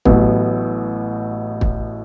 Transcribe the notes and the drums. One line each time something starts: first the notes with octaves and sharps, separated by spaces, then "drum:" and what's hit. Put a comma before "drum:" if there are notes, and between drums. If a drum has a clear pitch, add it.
A1 A2 F#3 B3, drum: kick
drum: kick